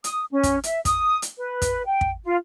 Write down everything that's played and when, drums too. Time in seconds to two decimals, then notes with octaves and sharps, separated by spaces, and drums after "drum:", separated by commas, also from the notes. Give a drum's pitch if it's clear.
0.04 D#6, drum: hi-hat
0.32 C#4
0.43 drum: kick, hi-hat
0.64 E5, drum: hi-hat
0.85 D#6, drum: kick, hi-hat
1.22 drum: hi-hat
1.38 B4
1.62 drum: kick, hi-hat
1.85 G5
2.01 drum: kick
2.23 F4